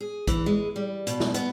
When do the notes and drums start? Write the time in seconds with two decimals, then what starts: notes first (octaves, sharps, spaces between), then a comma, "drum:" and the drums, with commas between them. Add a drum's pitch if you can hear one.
0.01 G#4
0.27 E3, drum: kick A#1, hi-hat
0.46 G#3
0.76 G3
1.07 B2, drum: hi-hat
1.20 drum: snare
1.34 B3, drum: hi-hat